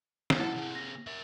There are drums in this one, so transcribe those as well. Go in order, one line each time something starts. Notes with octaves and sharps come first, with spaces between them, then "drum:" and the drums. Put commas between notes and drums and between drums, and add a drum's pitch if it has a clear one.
drum: snare
E4 A4 F#5
C3 G#4
A#6
A#4 E5